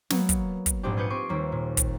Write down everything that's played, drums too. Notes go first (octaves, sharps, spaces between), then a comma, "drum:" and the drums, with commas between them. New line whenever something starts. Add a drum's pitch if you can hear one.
F#3 A#3 B3, drum: snare
drum: kick, hi-hat
drum: kick, hi-hat
A#1 G#2 G#3 C4 D4 G4
F4 G#4 B4 G6 C#7 D#7
C4 C#6 D6 C7
D#2 G3 A#3
A#2
drum: kick, hi-hat